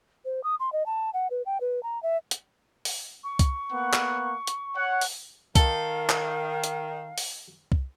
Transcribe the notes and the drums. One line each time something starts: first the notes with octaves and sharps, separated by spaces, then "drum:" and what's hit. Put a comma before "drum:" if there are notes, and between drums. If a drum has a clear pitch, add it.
C5
D#6
C6
D#5
A5
F#5
B4
G5
B4
A#5
E5
drum: hi-hat
drum: open hi-hat
C#6
drum: kick C2, hi-hat
A#3 B3 F#5
drum: clap
drum: hi-hat
C#5 F#5
drum: open hi-hat
D#3 A4 F5, drum: kick C2, hi-hat
drum: clap
drum: hi-hat
drum: open hi-hat
drum: kick C2